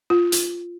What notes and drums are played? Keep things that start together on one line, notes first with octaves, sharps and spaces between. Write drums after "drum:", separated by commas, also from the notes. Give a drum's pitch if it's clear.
F4
drum: hi-hat